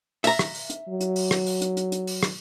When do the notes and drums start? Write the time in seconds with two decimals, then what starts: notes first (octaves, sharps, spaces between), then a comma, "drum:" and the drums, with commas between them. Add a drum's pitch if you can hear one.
0.24 E5 A#5, drum: open hi-hat
0.39 drum: rim click
0.55 drum: open hi-hat
0.70 drum: hi-hat
0.89 F#3
1.00 drum: hi-hat
1.16 drum: open hi-hat
1.31 drum: rim click
1.46 drum: open hi-hat
1.62 drum: hi-hat
1.77 drum: hi-hat
1.92 drum: hi-hat
2.07 drum: open hi-hat
2.23 drum: rim click